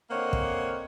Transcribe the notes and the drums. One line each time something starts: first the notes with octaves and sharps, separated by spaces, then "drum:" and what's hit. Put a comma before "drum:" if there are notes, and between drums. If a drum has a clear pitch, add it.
D3 A#3 C4 C#5 D#5 F#5
drum: kick